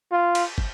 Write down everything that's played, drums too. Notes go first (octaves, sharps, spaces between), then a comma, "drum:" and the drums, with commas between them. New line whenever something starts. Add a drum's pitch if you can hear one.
F4
drum: cymbal
drum: kick